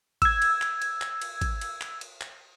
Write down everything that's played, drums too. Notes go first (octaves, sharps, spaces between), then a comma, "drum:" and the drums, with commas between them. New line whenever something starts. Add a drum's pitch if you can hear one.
E6 G#6, drum: kick, cymbal
drum: cymbal
drum: clap
drum: cymbal
drum: clap
drum: cymbal
drum: kick, cymbal
drum: cymbal
drum: clap
drum: cymbal
drum: clap